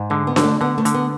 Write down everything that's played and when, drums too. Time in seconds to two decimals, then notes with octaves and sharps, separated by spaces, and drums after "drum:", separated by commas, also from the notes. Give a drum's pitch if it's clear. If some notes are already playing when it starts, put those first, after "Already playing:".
Already playing: G#2
0.10 D3 G#3
0.27 B3
0.36 D3, drum: snare D4
0.43 A3
0.61 D3 B3
0.78 A3
0.85 D3, drum: hi-hat
0.94 B3